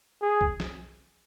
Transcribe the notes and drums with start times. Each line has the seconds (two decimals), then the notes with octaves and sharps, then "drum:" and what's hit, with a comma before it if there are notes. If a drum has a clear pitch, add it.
0.22 G#4
0.41 drum: kick B1
0.60 drum: snare